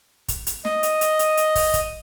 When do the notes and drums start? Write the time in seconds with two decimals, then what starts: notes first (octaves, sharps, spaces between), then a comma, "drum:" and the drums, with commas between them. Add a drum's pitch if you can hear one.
0.28 drum: kick, hi-hat
0.47 drum: hi-hat
0.65 D#5, drum: snare
0.83 drum: hi-hat
1.01 drum: hi-hat
1.19 drum: hi-hat
1.37 drum: hi-hat
1.55 drum: kick, open hi-hat
1.74 drum: kick, hi-hat